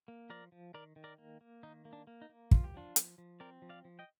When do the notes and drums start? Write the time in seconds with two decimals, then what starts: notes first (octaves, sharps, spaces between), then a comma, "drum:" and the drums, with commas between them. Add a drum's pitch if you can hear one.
0.08 A#3
0.30 F3 A#4 D5
0.52 F3
0.74 D#3 A#4 D5
0.96 D#3
1.04 A#4 D5
1.18 A#3
1.41 A#3
1.63 D#3 D#4
1.85 A#3
1.93 D4
2.07 A#3
2.22 D#4
2.29 A#3
2.51 F3 F4, drum: kick
2.64 G4
2.74 F3 D4 F4
2.96 F3, drum: hi-hat
3.18 F3
3.40 C4 A#4 D5
3.62 F3
3.69 D5 F5
3.85 F3
3.99 D#5 G5